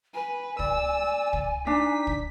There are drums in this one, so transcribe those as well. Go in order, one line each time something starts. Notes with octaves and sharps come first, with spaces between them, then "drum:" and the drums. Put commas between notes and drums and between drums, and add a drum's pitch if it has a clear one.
B4 G#5
D5 E6, drum: kick
drum: kick
D4 D#4 B6
drum: kick